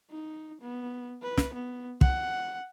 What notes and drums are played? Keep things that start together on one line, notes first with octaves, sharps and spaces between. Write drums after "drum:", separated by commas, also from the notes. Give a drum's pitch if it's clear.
D#4
B3
B4
drum: snare
B3
F#5, drum: kick